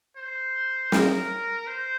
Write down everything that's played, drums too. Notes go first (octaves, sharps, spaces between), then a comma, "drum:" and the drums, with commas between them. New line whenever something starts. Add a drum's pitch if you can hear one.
C5
A#4, drum: snare
C5